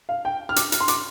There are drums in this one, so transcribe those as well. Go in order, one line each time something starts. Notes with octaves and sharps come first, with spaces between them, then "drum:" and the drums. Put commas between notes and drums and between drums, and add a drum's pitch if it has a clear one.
F5
G5
F6
D6, drum: hi-hat
F6, drum: hi-hat
C6
D6, drum: hi-hat